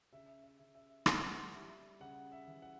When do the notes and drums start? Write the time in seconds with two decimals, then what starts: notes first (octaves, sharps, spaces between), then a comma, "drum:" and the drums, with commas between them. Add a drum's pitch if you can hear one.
0.13 C#3 E5
0.43 E5
0.59 C#3
0.75 E5
1.06 G3 F#5, drum: rim click
1.53 G3 E5
2.00 C#3 F#5
2.32 E5
2.47 E3
2.62 F#5